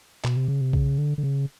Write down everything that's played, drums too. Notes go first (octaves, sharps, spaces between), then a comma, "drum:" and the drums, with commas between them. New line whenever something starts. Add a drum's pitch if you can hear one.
B2, drum: clap
C3
C#3
C3
C#3, drum: kick
D3
D3
C#3